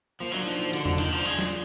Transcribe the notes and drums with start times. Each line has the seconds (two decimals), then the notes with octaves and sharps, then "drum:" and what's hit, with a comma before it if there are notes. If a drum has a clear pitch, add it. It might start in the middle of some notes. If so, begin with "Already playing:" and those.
0.20 F3 A#3
0.32 F#3 D4
0.43 F3 D#4
0.59 F3 F4
0.69 F#4
0.73 D3, drum: hi-hat
0.79 F4
0.85 D3 D#4, drum: tom E2
0.98 D#3 D4, drum: hi-hat
1.13 F3
1.19 D4
1.25 G#3, drum: hi-hat
1.39 F4, drum: snare